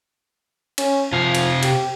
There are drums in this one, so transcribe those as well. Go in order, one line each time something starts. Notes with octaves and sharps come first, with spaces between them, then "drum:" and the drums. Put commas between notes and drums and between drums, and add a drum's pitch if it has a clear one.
C#4, drum: cymbal
C3 F3 F5
drum: cymbal
G4, drum: cymbal